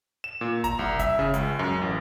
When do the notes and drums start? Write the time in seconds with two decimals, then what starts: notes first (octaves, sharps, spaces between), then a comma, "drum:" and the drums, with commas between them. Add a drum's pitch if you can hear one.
0.24 E7
0.41 A#2
0.64 A#5, drum: kick F#1, hi-hat
0.79 C2
0.99 E5, drum: kick F#1, hi-hat
1.19 C#3
1.34 C#2, drum: hi-hat
1.59 F#2
1.81 A1